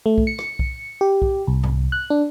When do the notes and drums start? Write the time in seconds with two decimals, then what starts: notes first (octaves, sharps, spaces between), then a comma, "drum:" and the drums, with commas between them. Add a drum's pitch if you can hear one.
0.06 A3
0.18 drum: kick B1
0.27 C#7
0.39 drum: rim click
0.59 drum: kick B1
1.01 G4
1.22 drum: kick B1
1.47 C2
1.63 drum: tom G#2
1.92 F#6
2.10 D4